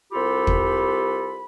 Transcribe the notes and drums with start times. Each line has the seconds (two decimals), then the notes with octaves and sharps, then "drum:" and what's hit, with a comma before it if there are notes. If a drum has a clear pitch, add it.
0.12 C2 F4 G4 A4 B5
0.47 drum: kick